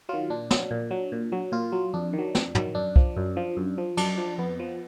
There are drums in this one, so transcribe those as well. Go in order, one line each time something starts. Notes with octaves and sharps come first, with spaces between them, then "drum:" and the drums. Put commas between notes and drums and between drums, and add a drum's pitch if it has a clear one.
D#3 F#3 F4
A#2 D4
F#3, drum: snare
A#2
F#3
A#2
F#3
A#2 F4
F#3
F2 D4
D#3
F#3
F2, drum: snare
D#3 F#3, drum: tom
F#2 D4
F3, drum: kick
F#2
F3
F#2
F3
F#2 D4, drum: cymbal
F3
F2 B3
F3